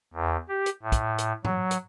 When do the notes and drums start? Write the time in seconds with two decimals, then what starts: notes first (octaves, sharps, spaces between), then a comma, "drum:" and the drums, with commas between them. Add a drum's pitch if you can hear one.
0.13 E2
0.49 G4
0.66 drum: hi-hat
0.82 A2
0.92 drum: kick, hi-hat
1.18 drum: hi-hat
1.45 F#3, drum: tom G#2
1.71 drum: hi-hat